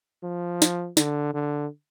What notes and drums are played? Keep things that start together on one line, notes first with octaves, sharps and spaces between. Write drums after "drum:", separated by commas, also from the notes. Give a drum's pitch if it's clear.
F3
drum: snare
D3, drum: snare
D3